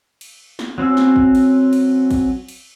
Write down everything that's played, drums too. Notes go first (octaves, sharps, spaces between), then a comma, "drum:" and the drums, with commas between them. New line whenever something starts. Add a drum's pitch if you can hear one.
drum: cymbal
drum: snare
F#3 C4 C#4 E6
drum: snare
drum: kick
drum: cymbal
drum: cymbal
drum: kick, cymbal
drum: cymbal